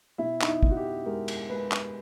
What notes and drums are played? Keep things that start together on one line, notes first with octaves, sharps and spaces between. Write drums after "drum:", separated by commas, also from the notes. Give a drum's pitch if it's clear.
B2 E4
D#4, drum: clap
E4
B2, drum: kick
F#4
G4
G#3 A#4
drum: cymbal
G#3 B4
drum: clap